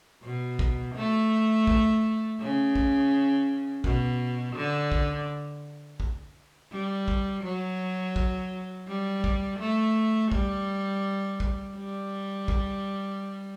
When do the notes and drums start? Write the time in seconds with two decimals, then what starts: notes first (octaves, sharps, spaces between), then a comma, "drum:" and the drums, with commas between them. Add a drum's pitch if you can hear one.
0.23 B2
0.59 drum: kick A#1
0.95 A3
1.67 drum: kick A#1
2.40 C#3
2.75 drum: kick A#1
3.84 B2, drum: kick A#1
4.56 D3
4.92 drum: kick A#1
6.00 drum: kick A#1
6.71 G3
7.08 drum: kick A#1
7.44 F#3
8.16 drum: kick A#1
8.88 G3
9.24 drum: kick A#1
9.59 A3
10.32 G3, drum: kick A#1
11.40 drum: kick A#1
11.76 G3
12.48 drum: kick A#1